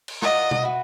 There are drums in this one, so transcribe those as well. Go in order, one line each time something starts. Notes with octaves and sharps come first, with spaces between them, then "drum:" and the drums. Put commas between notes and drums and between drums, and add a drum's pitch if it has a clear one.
drum: cymbal
F4 A#4 D5 D#5 F#5, drum: snare
drum: tom B2
F#4 B4 E5